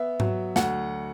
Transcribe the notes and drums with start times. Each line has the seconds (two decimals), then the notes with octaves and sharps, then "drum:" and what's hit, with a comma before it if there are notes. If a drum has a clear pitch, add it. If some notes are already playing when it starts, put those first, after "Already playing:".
Already playing: B3 E5
0.20 F#3, drum: tom G#2
0.56 D2 F#5, drum: snare